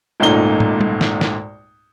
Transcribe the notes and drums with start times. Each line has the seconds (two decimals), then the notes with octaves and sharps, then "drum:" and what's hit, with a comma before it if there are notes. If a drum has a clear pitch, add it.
0.20 G#1 C#2 A#2 A3 D#4 G7
0.60 drum: tom
0.81 drum: tom G3
1.01 drum: snare
1.21 drum: snare